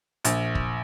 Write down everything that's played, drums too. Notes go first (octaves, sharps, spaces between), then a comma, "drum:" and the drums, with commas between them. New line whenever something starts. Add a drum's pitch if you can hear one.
A#1, drum: hi-hat
drum: kick